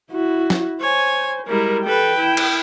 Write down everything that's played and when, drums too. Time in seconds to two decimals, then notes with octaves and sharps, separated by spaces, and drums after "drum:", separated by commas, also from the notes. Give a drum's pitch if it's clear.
0.11 E4 F#4
0.50 drum: snare
0.81 C5 C#5 G#5
1.47 G3 G#3 E4 A#4
1.86 A4 B4 G5
2.17 E4
2.37 drum: cymbal